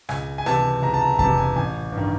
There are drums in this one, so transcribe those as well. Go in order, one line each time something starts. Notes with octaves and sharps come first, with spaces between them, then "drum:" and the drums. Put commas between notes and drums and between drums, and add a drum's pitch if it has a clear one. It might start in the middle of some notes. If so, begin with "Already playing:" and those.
C#2 G#5, drum: rim click
G#5
C3 E3 A5, drum: rim click
C#2 A#5
A5
A#5
C3 E3 A5, drum: kick F2
G#5
A1 G#5
G2
D#3